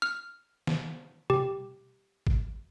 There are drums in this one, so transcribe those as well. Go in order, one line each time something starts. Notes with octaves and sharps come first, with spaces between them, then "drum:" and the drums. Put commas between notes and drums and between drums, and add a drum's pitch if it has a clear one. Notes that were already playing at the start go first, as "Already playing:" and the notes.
F6
drum: snare
G4, drum: tom B2
drum: kick G#1